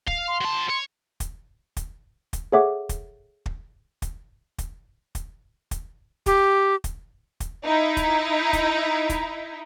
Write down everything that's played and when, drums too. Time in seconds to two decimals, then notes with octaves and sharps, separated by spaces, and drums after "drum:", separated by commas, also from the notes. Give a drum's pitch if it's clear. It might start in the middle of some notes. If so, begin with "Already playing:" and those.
0.07 F5, drum: kick
0.28 C6
0.41 F#3 A5
0.70 C#5
1.20 drum: kick, hi-hat
1.77 drum: kick, hi-hat
2.33 drum: kick, hi-hat
2.52 G#4 A4 C#5 E5 F#5 D6
2.89 drum: kick, hi-hat
3.46 drum: kick
4.02 drum: kick, hi-hat
4.58 drum: kick, hi-hat
5.15 drum: kick, hi-hat
5.71 drum: kick, hi-hat
6.26 G4, drum: kick, hi-hat
6.84 drum: kick, hi-hat
7.40 drum: kick, hi-hat
7.65 D#4 E4
7.97 drum: kick, hi-hat
8.53 drum: kick, hi-hat
9.09 drum: kick, hi-hat